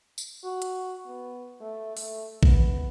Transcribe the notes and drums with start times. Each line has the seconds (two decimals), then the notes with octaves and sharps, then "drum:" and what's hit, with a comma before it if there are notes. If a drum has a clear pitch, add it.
0.18 drum: tambourine
0.44 F#4
0.62 drum: hi-hat
1.07 B3
1.61 A3
1.97 A3, drum: open hi-hat
2.43 B3, drum: kick A#1